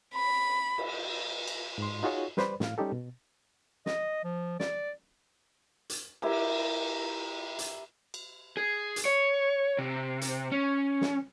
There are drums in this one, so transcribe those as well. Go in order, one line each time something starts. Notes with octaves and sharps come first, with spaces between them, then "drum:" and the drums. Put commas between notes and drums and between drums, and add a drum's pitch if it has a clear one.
B5
drum: cymbal
drum: cymbal
G#2 C6
D#4 F4 F#4 G#4 C#5
G3 B4 C5 D5 B5, drum: snare
A2 F5, drum: snare
G3 C#4 D#4 G4 A4
B2
D#5, drum: snare
F3
D5, drum: snare
drum: hi-hat
E4 G4 A#4, drum: cymbal
drum: hi-hat
drum: cymbal
G#4
drum: hi-hat
C#5
C3
drum: hi-hat
C#4
drum: snare